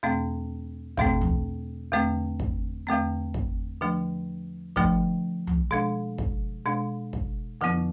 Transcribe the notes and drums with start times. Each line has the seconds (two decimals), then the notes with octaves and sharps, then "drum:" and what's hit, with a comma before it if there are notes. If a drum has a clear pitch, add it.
0.03 E2 B2 A3 C4
0.98 E2 B2 A3 C4, drum: kick
1.21 drum: tom
1.92 E2 D3 A3 C4
2.40 drum: kick
2.87 E2 D3 A3 C4
3.34 drum: kick
3.82 D3 F3 A3 D4
4.76 D3 F3 A3 D4, drum: kick
5.47 drum: tom
5.71 B2 G#3 D4
6.18 drum: kick
6.66 B2 G#3 D4
7.13 drum: kick
7.61 F2 D3 F3 B3 E4